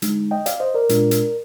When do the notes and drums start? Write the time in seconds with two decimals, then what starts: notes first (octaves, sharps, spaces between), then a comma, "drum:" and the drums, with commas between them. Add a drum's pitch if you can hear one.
0.02 D3 G#3 D#4, drum: hi-hat
0.31 D#5 G5
0.46 D5 F5, drum: hi-hat
0.60 C5 D#5
0.74 A#4 D5
0.89 A#2 G#3 D4 F4, drum: hi-hat
1.11 drum: hi-hat